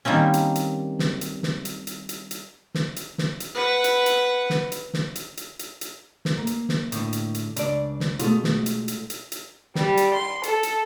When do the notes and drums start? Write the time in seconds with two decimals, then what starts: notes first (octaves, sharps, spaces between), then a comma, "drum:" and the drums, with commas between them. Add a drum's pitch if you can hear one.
0.05 D#3 G3 A#3 C4 C#4
0.34 drum: hi-hat
0.55 drum: hi-hat
0.99 drum: snare
1.21 drum: hi-hat
1.43 drum: snare
1.65 drum: hi-hat
1.87 drum: hi-hat
2.09 drum: hi-hat
2.31 drum: hi-hat
2.74 drum: snare
2.96 drum: hi-hat
3.18 drum: snare
3.40 drum: hi-hat
3.55 B4 F#5
3.84 drum: hi-hat
4.06 drum: hi-hat
4.50 drum: snare
4.72 drum: hi-hat
4.94 drum: snare
5.15 drum: hi-hat
5.37 drum: hi-hat
5.59 drum: hi-hat
5.81 drum: hi-hat
6.25 drum: snare
6.38 A#3
6.47 drum: hi-hat
6.69 drum: snare
6.92 A2 D3, drum: hi-hat
7.13 drum: hi-hat
7.34 drum: hi-hat
7.56 C#2 D4 D5, drum: hi-hat
8.00 drum: snare
8.19 B2 G#3 A3 F4, drum: hi-hat
8.44 drum: snare
8.66 drum: hi-hat
8.88 drum: hi-hat
9.10 drum: hi-hat
9.32 drum: hi-hat
9.75 G3, drum: snare
9.97 drum: hi-hat
10.13 C6
10.43 A4, drum: hi-hat
10.63 drum: hi-hat